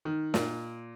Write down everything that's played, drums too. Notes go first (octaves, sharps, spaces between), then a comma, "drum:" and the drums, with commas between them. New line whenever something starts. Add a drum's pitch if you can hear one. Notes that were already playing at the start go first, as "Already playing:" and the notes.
D#3
A#2, drum: snare